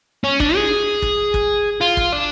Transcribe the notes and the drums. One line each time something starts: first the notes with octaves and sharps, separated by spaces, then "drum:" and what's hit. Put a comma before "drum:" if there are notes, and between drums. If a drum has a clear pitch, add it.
C#4
D4, drum: kick
G#4
drum: kick
drum: kick
F4
drum: kick
D4